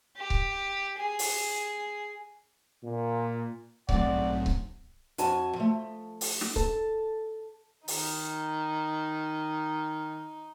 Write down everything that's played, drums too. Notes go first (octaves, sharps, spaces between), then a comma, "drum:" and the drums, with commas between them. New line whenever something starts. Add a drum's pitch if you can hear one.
G4
drum: kick C#1
G#4
drum: open hi-hat
A#2
B1 G#2 F#3 A3 C4 D5 F#5, drum: kick C#1
drum: kick C#1
F2 F#4 G#5 A5, drum: hi-hat
F3 A3
drum: open hi-hat
drum: snare
A4, drum: kick C#1
D#3 D#4, drum: open hi-hat